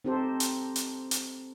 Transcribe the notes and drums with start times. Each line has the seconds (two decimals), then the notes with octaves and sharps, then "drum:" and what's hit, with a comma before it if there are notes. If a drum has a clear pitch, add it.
0.04 C4 D#4 G4 A4 C5
0.40 drum: hi-hat
0.76 drum: hi-hat
1.11 drum: hi-hat